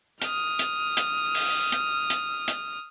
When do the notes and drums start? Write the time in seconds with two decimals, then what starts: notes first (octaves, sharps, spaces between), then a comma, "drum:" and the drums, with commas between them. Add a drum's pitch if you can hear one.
0.22 D#6 F6, drum: hi-hat
0.59 drum: hi-hat
0.97 drum: hi-hat
1.35 drum: open hi-hat
1.72 drum: hi-hat
2.10 drum: hi-hat
2.48 drum: hi-hat